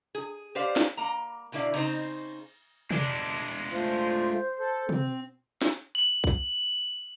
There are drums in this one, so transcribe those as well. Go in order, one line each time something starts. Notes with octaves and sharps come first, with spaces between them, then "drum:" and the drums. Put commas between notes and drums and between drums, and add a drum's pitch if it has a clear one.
G#4
G4 B4 C5 D5 F5
drum: snare
A#3 A#5
B2 D3 A#3 E4 D5
C#3 C4 D#4 C5, drum: cymbal
G#3 D4, drum: tom
drum: open hi-hat
A3 F4 C5, drum: open hi-hat
A4
C4, drum: tom
drum: snare
F#7
drum: kick